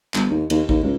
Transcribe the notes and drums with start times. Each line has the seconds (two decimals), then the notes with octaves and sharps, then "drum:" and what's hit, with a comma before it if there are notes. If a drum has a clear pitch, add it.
0.14 G1, drum: clap
0.30 D#2
0.50 D#2, drum: cymbal
0.69 D#2, drum: kick A1
0.83 C#2